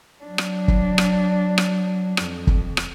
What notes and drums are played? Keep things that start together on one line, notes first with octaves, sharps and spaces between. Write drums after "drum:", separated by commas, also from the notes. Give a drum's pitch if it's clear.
F#3 D4
drum: rim click
drum: kick
drum: rim click
drum: rim click
F2, drum: rim click
drum: kick
drum: rim click